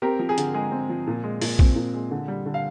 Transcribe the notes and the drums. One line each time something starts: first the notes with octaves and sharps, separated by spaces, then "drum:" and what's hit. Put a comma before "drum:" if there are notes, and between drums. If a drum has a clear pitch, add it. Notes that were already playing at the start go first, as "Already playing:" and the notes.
C4 G4 A#4
F3
G#4
D3, drum: hi-hat
G#3 G#4
C4
F3
A#2
G#3
A#2, drum: open hi-hat
C4, drum: kick A#1
A#2
G#3
D3
G3
D3
F5